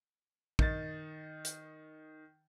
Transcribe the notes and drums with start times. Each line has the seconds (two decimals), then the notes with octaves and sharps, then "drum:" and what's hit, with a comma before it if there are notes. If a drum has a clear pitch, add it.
0.59 D#3 D#4 A6, drum: kick
1.45 drum: hi-hat